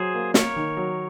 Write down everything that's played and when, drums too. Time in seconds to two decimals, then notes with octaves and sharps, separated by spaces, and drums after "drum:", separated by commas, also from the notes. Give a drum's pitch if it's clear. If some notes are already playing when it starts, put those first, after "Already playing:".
Already playing: F#3 G#4 C5
0.14 A#3
0.34 A#3 A#4 C#5, drum: snare
0.56 D#3
0.77 F#3